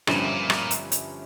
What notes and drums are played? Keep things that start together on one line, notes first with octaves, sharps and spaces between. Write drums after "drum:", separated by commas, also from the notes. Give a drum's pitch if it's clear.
G1 G2 A#2 F3 C#4, drum: rim click
A2
A#2
drum: rim click
drum: hi-hat
drum: hi-hat